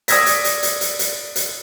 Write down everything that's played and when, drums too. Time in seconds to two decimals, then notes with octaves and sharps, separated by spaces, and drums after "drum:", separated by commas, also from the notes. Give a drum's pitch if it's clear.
0.08 D5 D#6 E6 G#6 A#6 B6, drum: hi-hat
0.26 drum: hi-hat
0.44 drum: hi-hat
0.63 drum: hi-hat
0.81 drum: hi-hat
0.99 drum: hi-hat
1.36 drum: hi-hat